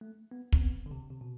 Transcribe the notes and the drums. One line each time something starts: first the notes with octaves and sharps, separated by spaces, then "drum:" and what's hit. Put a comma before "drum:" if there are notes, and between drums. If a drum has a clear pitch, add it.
A3
B3
C4, drum: kick
B3
D3
C3
C3
B2